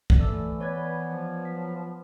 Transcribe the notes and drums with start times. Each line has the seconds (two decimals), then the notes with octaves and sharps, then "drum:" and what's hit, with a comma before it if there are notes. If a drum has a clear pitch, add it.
0.10 drum: kick
0.19 E3 A3 D5 E6
0.61 B3 B4 C#5 D5 G#6
1.03 F3
1.45 F#3 B6